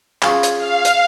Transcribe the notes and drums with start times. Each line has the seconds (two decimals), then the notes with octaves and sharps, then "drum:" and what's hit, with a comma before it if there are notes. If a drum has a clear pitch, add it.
0.22 C#4 F4 G#4, drum: clap
0.43 drum: hi-hat
0.57 F5
0.85 drum: hi-hat